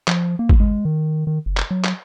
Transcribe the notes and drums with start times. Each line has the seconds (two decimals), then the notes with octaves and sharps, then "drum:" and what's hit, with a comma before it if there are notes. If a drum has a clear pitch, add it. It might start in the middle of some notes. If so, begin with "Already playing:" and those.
0.07 F3, drum: clap
0.39 A#3
0.49 drum: kick G#1
0.60 G#3
0.85 D#3
1.27 D#3
1.46 F#1
1.57 drum: clap
1.71 F#3
1.84 drum: clap